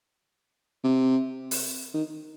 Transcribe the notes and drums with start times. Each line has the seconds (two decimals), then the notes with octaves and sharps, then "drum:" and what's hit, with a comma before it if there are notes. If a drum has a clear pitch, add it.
0.84 C3
1.51 drum: open hi-hat
1.94 D#3